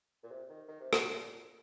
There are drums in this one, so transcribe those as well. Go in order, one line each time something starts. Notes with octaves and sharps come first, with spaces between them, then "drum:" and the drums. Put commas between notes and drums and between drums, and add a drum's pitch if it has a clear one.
A#2
C3
D#3
D#3
C3
G#2, drum: rim click
C3
A#2